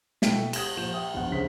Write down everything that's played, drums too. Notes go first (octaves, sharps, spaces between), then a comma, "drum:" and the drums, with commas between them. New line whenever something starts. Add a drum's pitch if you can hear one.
B2 E4 A4 G5 B6, drum: snare
D#6 G#6 A#6 E7, drum: cymbal
A#2 F3 G6 E7
E5 G5 D#6
A#1 E2 B3 F#5
D2 C#3 C5 B6